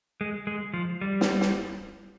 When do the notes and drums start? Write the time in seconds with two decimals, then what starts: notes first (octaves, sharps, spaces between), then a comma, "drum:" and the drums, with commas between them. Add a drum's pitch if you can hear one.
0.21 G#3
0.47 G#3
0.74 F3
1.01 G3
1.21 drum: snare
1.41 drum: snare